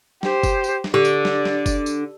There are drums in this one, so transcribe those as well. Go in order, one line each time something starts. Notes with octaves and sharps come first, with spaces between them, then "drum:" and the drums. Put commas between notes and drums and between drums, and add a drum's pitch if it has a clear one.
G4 C5, drum: snare
drum: kick, tambourine
drum: tambourine
drum: snare
D3 G4 D5
drum: tambourine
drum: snare
drum: snare
drum: kick, tambourine
drum: tambourine